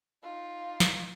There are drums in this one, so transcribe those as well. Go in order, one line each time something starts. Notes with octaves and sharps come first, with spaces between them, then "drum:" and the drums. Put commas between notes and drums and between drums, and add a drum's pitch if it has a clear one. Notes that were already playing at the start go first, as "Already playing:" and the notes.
D#4 F4
drum: snare